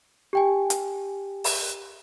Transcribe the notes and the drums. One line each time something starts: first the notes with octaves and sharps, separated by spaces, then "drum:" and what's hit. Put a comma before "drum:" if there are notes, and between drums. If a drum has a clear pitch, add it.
G4 G5 G#5
drum: hi-hat
drum: open hi-hat